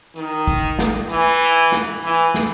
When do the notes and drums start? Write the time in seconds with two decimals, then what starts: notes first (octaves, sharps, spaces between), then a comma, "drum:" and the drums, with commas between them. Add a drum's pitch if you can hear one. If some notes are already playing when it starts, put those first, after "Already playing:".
0.16 D#3, drum: hi-hat
0.47 drum: kick, hi-hat
0.79 drum: snare
1.09 E3, drum: hi-hat
1.41 drum: hi-hat
1.72 drum: snare
2.03 E3, drum: hi-hat
2.34 drum: snare